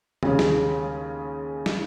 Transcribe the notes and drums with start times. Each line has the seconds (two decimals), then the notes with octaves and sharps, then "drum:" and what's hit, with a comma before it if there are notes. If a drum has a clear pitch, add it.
0.23 D#2 C#3 G#3 C#4, drum: tom C3
0.39 drum: snare
1.66 drum: snare